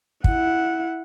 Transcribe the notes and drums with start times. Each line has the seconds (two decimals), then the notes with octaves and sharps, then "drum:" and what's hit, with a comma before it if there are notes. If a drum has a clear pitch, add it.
0.24 E4 F#5, drum: kick